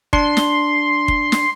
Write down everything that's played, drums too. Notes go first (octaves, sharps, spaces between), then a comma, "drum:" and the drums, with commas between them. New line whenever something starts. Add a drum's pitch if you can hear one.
D4 C6, drum: kick
drum: snare
drum: kick
drum: snare